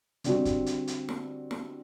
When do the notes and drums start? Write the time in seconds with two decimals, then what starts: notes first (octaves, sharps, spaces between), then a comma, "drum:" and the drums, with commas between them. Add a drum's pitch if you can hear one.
0.24 D3 G3 C4 F#4, drum: hi-hat
0.45 drum: kick, hi-hat
0.66 drum: hi-hat
0.87 drum: hi-hat
1.09 drum: snare
1.51 drum: snare